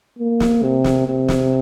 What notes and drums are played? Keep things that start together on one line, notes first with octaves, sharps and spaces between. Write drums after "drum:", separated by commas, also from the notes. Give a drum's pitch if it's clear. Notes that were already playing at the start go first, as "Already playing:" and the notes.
A#3
drum: snare
C3
drum: snare
C3
drum: snare